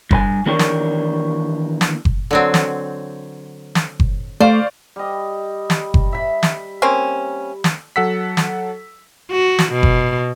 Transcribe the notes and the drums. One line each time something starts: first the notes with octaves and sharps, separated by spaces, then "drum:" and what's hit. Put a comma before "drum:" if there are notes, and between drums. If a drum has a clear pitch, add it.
G2 B4 G#5, drum: kick F#1
D#3 E3 A#3 D4 G4 C#5
drum: snare
drum: snare
drum: kick F#1
D3 F#3 C4
drum: snare
drum: snare
drum: kick F#1
A3 C5 D5 F5 C#6
G3 D#5
drum: snare
drum: kick F#1
E5 B5
drum: snare
A#3 C4 C#4
drum: snare
F#3 A4 F#5 E6 B6
drum: snare
F#4
drum: snare
B2
drum: kick F#1